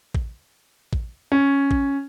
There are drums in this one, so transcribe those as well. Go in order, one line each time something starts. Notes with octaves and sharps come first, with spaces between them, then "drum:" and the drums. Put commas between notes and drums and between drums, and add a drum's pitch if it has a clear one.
drum: kick A1
drum: kick A1
C#4
drum: kick A1